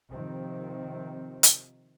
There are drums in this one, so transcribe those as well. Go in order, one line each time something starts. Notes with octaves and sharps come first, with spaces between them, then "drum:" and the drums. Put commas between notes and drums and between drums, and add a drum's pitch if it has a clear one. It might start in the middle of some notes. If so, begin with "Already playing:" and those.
C3 D#3 F3 C4
drum: hi-hat